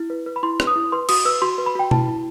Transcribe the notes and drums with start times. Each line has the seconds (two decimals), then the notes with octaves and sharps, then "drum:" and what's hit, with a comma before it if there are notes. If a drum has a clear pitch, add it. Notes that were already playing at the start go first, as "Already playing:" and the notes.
Already playing: E4
0.10 B4
0.26 B4
0.36 B5
0.43 E4 C6
0.60 B4, drum: rim click
0.67 D#6
0.76 E4
0.92 B4 C6
1.09 F#4 D#6, drum: cymbal
1.25 B4 E6
1.42 F#4 C6
1.58 B4
1.66 B5
1.75 F#4 G5
1.91 E4 A5, drum: tom B2
2.08 E4